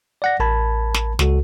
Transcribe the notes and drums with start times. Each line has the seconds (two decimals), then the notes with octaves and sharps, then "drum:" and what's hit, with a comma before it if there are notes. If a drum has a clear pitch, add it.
0.22 D5 F#5 A#6
0.40 A1 A#4 A5 B5 G#6
0.94 drum: snare
1.19 C#2 F#4 A4, drum: snare